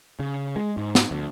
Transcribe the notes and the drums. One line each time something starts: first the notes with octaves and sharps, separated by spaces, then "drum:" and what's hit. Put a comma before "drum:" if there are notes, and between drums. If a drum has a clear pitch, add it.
C#3
G#3
G#2
drum: snare
D2